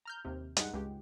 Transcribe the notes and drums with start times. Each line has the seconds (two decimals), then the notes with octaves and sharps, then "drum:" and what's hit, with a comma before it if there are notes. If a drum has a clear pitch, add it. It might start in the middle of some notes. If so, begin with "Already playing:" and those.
0.05 A#5 F6 G6
0.25 D#2 C3
0.57 G2 G#3 D#4 F#5, drum: hi-hat
0.74 C#2 G#3 G4